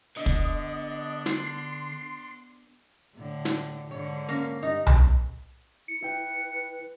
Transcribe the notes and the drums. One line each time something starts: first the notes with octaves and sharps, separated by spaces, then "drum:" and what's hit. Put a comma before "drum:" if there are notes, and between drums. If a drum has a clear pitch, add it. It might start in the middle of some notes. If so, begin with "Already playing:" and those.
D3 B3 D4 D#5
drum: kick
C6, drum: snare
A2 D3
drum: snare
G#2 D3 C#5
A#3 C#4
G2 D#4 D#5
drum: tom B1
E4 C#7
E4 B4 G5